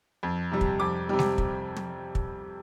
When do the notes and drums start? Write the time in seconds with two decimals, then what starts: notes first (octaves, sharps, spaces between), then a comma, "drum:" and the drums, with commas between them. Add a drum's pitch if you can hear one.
0.23 F2
0.52 C3 G3
0.61 drum: kick
0.80 F2 D6
1.09 C3 G3
1.19 drum: snare
1.38 drum: kick
1.76 drum: tom
2.15 drum: kick